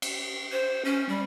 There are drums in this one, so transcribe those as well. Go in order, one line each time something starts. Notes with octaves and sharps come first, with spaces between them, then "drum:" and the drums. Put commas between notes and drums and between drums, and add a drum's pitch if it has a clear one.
drum: cymbal
C5
C#4
G3